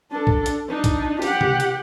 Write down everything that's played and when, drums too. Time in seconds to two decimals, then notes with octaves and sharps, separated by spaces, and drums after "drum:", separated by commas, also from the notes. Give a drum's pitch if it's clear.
0.12 D4 A4
0.27 drum: kick A#1
0.46 drum: hi-hat
0.68 D4 D#4
0.84 drum: kick A#1, hi-hat
1.22 G4 F#5, drum: open hi-hat
1.41 drum: tom C3
1.60 drum: hi-hat